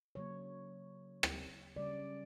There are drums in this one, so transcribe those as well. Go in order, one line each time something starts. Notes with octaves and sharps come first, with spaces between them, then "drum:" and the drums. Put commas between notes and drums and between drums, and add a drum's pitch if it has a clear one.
C#3 F#3 A#3 C#5
drum: rim click
C#3 G3 C#4 D5